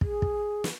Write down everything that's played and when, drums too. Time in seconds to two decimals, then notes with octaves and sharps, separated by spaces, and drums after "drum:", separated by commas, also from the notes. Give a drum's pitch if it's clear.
0.01 G#4, drum: kick
0.22 drum: kick
0.64 drum: snare